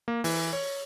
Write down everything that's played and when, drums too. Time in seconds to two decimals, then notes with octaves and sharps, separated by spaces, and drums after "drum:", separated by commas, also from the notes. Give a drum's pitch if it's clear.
0.08 A#3
0.24 E3, drum: open hi-hat
0.53 C#5